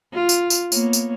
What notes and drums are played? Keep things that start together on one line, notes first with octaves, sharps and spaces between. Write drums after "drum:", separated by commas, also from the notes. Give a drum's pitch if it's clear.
F4
drum: tambourine
drum: tambourine
A#3 B3 C#5, drum: tambourine
drum: tambourine